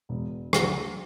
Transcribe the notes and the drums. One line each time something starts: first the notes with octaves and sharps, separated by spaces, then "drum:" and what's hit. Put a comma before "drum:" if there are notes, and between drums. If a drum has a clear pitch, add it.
E1
D2 D3 F#3, drum: rim click